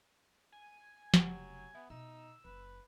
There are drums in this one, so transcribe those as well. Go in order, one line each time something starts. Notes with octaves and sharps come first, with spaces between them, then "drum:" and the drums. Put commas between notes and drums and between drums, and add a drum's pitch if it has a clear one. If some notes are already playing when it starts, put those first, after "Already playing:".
G#5
F1 C#3 F#3 G4 F#5 G5, drum: snare
B3 E5
B2 D#4 E6
F#1 B4